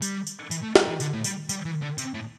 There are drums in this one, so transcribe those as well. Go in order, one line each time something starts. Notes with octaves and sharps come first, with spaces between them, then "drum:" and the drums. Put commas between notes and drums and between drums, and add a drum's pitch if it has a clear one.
G3, drum: tambourine
drum: tambourine
E3, drum: tambourine
A3
G3, drum: snare
E3
D3, drum: tambourine
A2
G3, drum: tambourine
G3, drum: tambourine
E3
D3
C3, drum: tambourine
A2